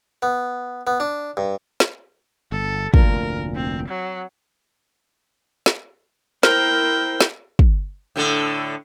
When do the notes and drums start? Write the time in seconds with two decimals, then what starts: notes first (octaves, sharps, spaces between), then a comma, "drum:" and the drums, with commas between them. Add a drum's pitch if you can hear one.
0.22 B3
0.87 B3
1.00 D4
1.37 G2
1.80 drum: snare
2.52 G1 A4
2.94 F1 D2 A#2 A#4, drum: kick
3.55 C4
3.88 F#3
5.66 drum: snare
6.43 E4 A#4 C5 G5 F6, drum: snare
7.21 drum: snare
7.59 drum: kick
8.16 A2 D3 A4